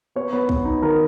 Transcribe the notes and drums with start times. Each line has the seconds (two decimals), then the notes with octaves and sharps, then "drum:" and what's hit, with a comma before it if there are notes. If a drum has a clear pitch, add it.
0.16 B3 C#5
0.33 B3
0.49 B3, drum: kick
0.65 D#4
0.82 D#3 A#4